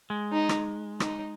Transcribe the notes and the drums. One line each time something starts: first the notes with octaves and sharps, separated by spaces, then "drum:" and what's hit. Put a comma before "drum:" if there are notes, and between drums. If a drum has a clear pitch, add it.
G#3
D#4
drum: rim click
D#4, drum: rim click